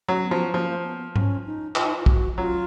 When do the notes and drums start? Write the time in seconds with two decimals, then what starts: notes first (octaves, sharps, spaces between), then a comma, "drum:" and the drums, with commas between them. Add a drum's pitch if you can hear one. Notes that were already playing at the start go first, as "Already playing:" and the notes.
0.08 F#3
0.24 B3
0.31 F3
0.53 F3 A#3
0.84 B3
1.16 C#4, drum: tom G#2
1.46 D#4
1.75 F4, drum: clap
1.85 D#4
1.94 F4
2.06 F#4, drum: kick
2.38 F#3 F4